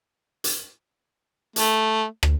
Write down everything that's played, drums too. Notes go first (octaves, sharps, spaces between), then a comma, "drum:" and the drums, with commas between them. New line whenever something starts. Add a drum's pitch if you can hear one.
drum: hi-hat
A3, drum: hi-hat
D2, drum: rim click